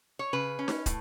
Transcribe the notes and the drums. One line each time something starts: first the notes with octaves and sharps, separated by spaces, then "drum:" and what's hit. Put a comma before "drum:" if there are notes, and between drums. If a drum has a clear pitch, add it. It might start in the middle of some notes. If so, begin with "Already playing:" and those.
C#5
C#3 B4
C#4
drum: snare D#4
A2, drum: kick, hi-hat